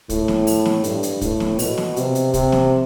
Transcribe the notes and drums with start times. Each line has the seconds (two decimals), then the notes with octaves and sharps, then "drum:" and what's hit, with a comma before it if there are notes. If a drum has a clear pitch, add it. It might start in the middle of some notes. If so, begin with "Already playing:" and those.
0.09 A2, drum: kick, hi-hat
0.28 drum: snare
0.47 drum: open hi-hat
0.66 drum: snare
0.84 G2, drum: hi-hat
1.03 drum: hi-hat
1.21 A2, drum: kick, hi-hat
1.40 drum: snare
1.59 B2, drum: open hi-hat
1.78 drum: snare
1.96 C3, drum: hi-hat
2.15 drum: hi-hat
2.34 C3, drum: kick, hi-hat
2.52 drum: snare